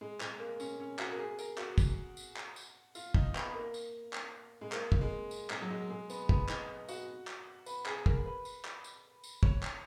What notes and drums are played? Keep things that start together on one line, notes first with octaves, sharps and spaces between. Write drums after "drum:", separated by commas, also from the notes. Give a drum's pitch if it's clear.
G#3
G#3, drum: clap
A#3
C#4, drum: tambourine
C#4
F#4, drum: clap
A#4
G#4
A#4, drum: tambourine
F#4, drum: clap
drum: kick, tambourine
drum: tambourine
drum: clap
drum: tambourine
F4, drum: tambourine
D#4, drum: kick
B3, drum: clap
A#3
drum: tambourine
drum: clap
G#3
A#3, drum: clap
drum: kick
G#3
drum: tambourine
G#3, drum: clap
F#3
G#3
G#3
B3, drum: tambourine
B3, drum: kick
D#4, drum: clap
F#4, drum: tambourine
drum: clap
B4, drum: tambourine
G#4, drum: clap
A#4, drum: kick
B4
drum: tambourine
drum: clap
drum: tambourine
drum: tambourine
C#5, drum: kick
drum: clap